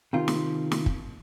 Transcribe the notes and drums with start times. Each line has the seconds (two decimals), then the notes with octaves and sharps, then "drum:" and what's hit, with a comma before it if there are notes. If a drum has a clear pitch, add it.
0.13 C3 D#3 F4
0.28 drum: snare
0.72 drum: snare
0.86 drum: kick